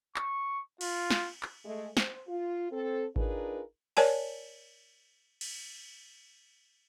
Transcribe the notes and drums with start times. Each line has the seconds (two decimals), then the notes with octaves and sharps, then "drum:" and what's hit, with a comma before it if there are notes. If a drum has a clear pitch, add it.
0.16 C#6, drum: clap
0.81 F4, drum: cymbal
1.10 drum: snare
1.43 drum: clap
1.66 G#3 A3
1.97 C5, drum: snare
2.28 F4
2.71 C4 A4
3.16 D4 D#4 F4 G#4 A#4 B4, drum: kick G#1
3.97 A#4 C#5 D5 G#5 A5, drum: cymbal
5.41 drum: cymbal